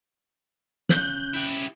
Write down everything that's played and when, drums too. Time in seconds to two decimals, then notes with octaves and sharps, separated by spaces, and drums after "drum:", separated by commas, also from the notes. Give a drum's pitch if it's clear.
0.89 C#3 C#4 F#6 G6, drum: snare
1.34 E4 G4